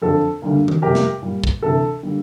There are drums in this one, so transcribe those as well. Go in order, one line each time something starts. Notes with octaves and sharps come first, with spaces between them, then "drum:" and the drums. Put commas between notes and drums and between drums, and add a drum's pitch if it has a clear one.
F2 D3 F3 C4 A4
D2 D3 G3 A#3
drum: tom D#3
F2 C3 G3 G4 A#4
drum: snare
A#2 G3 A#3
drum: kick
D2 C3 E3 A4
D3 G3 A#3